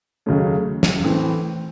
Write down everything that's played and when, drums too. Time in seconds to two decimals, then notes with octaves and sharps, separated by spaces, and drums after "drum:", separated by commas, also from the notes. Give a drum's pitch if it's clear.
0.26 D#2 C#3 F#3 A3 C#4
0.83 drum: snare
1.04 A2 E3 A3 C4